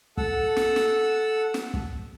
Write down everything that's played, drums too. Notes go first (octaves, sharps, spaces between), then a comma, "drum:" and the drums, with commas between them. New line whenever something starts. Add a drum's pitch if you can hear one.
A4 F#5 E6, drum: kick
drum: snare
drum: snare
drum: snare
drum: kick